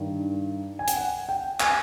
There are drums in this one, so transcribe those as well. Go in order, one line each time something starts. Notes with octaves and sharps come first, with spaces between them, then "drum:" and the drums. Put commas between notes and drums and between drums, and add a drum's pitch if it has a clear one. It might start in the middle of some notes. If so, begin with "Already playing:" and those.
Already playing: G2 D#3
G#5
G5, drum: hi-hat
F#5
G5
G#5, drum: clap